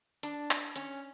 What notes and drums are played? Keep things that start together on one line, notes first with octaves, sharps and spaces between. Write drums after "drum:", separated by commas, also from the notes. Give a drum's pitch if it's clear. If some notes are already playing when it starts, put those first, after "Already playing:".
D4, drum: hi-hat
drum: clap
C#4, drum: hi-hat